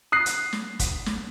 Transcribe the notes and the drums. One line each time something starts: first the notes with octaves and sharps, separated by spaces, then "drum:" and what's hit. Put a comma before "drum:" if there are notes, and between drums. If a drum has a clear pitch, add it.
D#6 F#6 C7
drum: hi-hat
drum: snare
drum: kick, hi-hat
drum: snare